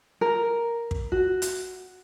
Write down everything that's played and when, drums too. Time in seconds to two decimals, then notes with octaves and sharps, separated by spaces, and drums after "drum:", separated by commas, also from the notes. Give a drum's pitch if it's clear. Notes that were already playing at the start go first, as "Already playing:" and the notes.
0.21 A#4
0.91 drum: kick
1.12 F#4
1.42 drum: hi-hat